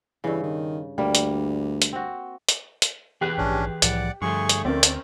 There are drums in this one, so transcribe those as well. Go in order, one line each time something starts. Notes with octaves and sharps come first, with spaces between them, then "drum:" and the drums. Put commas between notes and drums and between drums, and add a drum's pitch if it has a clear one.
G2 C#3 E3
D#3
D2 G3 A#3
drum: hi-hat
drum: hi-hat
C4 F#4
drum: hi-hat
drum: hi-hat
E3 G4 G#4 B4 F#6
A#1 G#2 C#4 D4
C2 A2 F3 D5 F#5, drum: hi-hat
G2 D3 F3 A3 G#4 C#6
drum: hi-hat
D2 C4 C#4 A#4 D5
drum: hi-hat